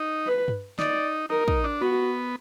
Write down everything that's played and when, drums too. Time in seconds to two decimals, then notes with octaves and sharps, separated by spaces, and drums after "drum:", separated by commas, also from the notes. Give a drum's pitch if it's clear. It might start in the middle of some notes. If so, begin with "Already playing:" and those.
Already playing: D#4
0.27 B4
0.48 drum: tom G2
0.79 D#4 D5, drum: snare
1.30 D#4 A#4
1.48 D#4, drum: kick
1.64 D4
1.81 B3 F#4